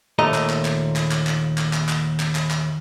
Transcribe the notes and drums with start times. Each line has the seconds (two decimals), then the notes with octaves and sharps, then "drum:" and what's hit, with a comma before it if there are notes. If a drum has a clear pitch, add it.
0.19 D#2 A#2 A3 D#5 A#5
0.34 drum: clap
0.50 drum: clap
0.65 drum: clap
0.96 drum: clap
1.11 drum: clap
1.27 drum: clap
1.58 drum: clap
1.73 drum: clap
1.89 drum: clap
2.20 drum: clap
2.35 drum: clap
2.51 drum: clap